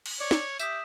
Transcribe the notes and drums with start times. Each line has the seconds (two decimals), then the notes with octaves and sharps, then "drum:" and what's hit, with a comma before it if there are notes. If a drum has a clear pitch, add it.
0.06 drum: cymbal
0.20 C#5 D5
0.31 drum: snare
0.59 G4 E5 D#6 B6 E7, drum: tambourine